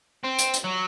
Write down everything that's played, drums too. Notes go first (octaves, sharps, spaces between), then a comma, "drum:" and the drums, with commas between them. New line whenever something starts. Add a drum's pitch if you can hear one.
C4
drum: hi-hat
drum: hi-hat
F#3